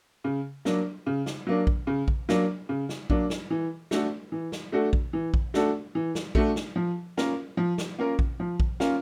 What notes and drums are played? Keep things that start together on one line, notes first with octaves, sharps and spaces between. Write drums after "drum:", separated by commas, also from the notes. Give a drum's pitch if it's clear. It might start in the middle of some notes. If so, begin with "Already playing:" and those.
C#3
F#3 A#3 D4, drum: snare
C#3
drum: snare
F#3 A#3 D4
drum: kick A#1
C#3
drum: kick A#1
F#3 A#3 D4, drum: snare
C#3
drum: snare
F#3 A#3 D4, drum: kick A#1
drum: snare
E3
A3 D4 F#4 A4, drum: snare
E3
drum: snare
A3 D4 F#4 A4
drum: kick A#1
E3
drum: kick A#1
A3 D4 F#4 A4, drum: snare
E3
drum: snare
A3 D4 F#4 A4, drum: kick A#1
drum: snare
F3
A#3 C#4 F4 A#4, drum: snare
F3
drum: snare
A#3 C#4 F4 A#4
drum: kick A#1
F3
drum: kick A#1
A#3 C#4 F4 A#4, drum: snare